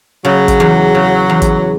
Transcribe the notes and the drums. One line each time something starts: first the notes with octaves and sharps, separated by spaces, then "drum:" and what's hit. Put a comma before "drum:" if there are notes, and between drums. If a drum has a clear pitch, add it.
C#3 F#3
drum: kick, hi-hat
E2
C#3
E2
drum: kick, hi-hat